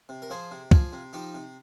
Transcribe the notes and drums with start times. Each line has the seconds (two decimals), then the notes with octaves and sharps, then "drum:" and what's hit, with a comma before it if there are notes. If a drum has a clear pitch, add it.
0.09 C3
0.22 A#4
0.30 F3 G#4 C5
0.51 C3
0.71 F3 F4 G#4, drum: kick
0.93 C3
1.13 F3 D#4 G4
1.34 C3